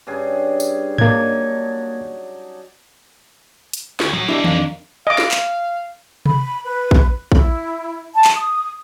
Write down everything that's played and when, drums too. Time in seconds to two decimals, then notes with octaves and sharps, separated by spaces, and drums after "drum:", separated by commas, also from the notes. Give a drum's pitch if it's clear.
0.07 G2 C#3 G#4
0.60 drum: tambourine
0.98 F#3 A#3 D4 D#4 G#6, drum: tom G#2
3.73 drum: hi-hat
4.00 D2, drum: snare
4.13 A2 F#3
4.28 G3 A#3 D4 E4 G4 D#5
4.44 F2 D#3, drum: tom D#3
5.07 D#5 F5 D6
5.18 drum: snare
5.31 drum: clap
6.26 B5, drum: tom C3
6.65 B4
6.91 drum: kick
7.32 E4, drum: kick
8.15 A5
8.24 drum: clap
8.36 D#6